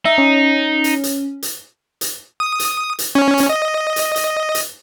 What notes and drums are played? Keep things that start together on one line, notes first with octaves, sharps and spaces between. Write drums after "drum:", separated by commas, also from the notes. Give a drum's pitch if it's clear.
D#4 E5
C#4
drum: hi-hat
drum: hi-hat
drum: hi-hat
drum: hi-hat
D#6
drum: hi-hat
drum: hi-hat
C#4
drum: hi-hat
D#5
drum: hi-hat
drum: hi-hat
drum: hi-hat